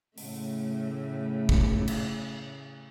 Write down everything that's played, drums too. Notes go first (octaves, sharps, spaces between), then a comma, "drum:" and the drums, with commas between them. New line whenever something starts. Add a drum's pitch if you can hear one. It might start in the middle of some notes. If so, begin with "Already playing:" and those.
A2 C#3 A3, drum: open hi-hat
drum: kick
drum: cymbal